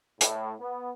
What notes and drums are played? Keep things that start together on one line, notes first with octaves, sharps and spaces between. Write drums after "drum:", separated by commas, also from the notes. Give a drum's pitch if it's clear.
A2, drum: hi-hat
B3